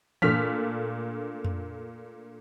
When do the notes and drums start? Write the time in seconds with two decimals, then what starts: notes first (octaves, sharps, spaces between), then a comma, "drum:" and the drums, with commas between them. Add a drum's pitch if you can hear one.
0.22 A#2 A3 D4 F6 B6, drum: tom E3
1.45 drum: tom F2